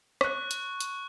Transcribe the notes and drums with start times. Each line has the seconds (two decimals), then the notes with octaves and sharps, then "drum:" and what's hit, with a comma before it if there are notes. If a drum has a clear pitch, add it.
0.21 C#6 F#6, drum: rim click
0.51 drum: hi-hat
0.80 drum: hi-hat